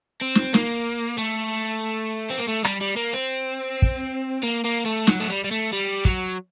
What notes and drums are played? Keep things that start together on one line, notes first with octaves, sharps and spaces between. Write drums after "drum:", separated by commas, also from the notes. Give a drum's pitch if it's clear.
C4
drum: snare
A#3, drum: snare
A3
C4
A#3
A3
G3, drum: rim click
G3
A#3
C4
drum: kick
A#3
A#3
A3
F#3, drum: snare
A3
G3, drum: hi-hat
G3
A3
G3
F#3, drum: kick